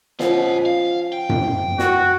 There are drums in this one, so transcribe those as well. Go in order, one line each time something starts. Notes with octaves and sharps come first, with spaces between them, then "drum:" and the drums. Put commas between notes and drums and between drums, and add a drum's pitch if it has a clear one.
F3 C#4 D#5 F#5, drum: snare
F5
G5
drum: tom F#2
F#4, drum: snare